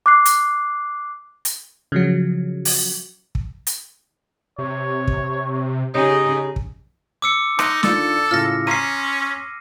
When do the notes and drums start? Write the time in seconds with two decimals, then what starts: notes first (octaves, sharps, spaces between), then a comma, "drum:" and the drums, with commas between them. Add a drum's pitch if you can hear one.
0.06 D6 F#6 C7
0.25 drum: hi-hat
1.45 drum: hi-hat
1.92 C#3 F3 F#3
2.65 drum: open hi-hat
3.35 drum: kick
3.67 drum: hi-hat
4.59 C3 C#5
5.08 drum: kick
5.94 C#3 D#4 G4 G#4 C#5 D#5
6.56 drum: kick
7.22 D6 E6 C#7
7.59 D#4 C6 F#6, drum: rim click
7.83 D#3 D4 F4 A4, drum: snare
8.31 A2 C#3 F4 F6 A#6
8.67 C#4 A#5 C6 B6 C7 D#7